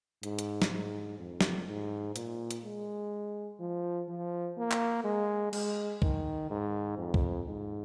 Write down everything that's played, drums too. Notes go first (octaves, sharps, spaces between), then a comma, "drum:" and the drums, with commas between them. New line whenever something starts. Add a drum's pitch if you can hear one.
G#2, drum: hi-hat
drum: hi-hat
drum: snare
G#2
F2
drum: snare
G#2
A#2, drum: hi-hat
drum: hi-hat
G#3
F3
F3
A#3
drum: clap
G#3
G#3, drum: cymbal
D#3, drum: kick
G#2
F2
drum: kick
G#2